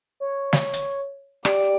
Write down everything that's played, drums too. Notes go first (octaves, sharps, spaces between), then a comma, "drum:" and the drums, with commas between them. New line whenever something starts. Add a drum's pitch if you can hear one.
C#5
drum: snare
drum: hi-hat
G4 D5, drum: rim click